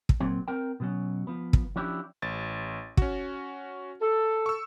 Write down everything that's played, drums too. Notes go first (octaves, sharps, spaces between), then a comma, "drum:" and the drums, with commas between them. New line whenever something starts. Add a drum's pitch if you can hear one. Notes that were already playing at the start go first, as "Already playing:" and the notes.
drum: kick
A#2 F#3 C4
C4 A#4 G5
B2 F#3 C#4
F3 B3
drum: kick
F3 C#4 D4 E4 G4
A1 A6
C#4 F#4, drum: kick
A4
C#6 E6